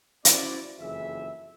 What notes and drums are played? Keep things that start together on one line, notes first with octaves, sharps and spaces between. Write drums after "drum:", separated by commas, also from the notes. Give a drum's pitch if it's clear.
C#4 E4 F#4 C5 D5, drum: hi-hat
F#1 F2 E3 G#4 E5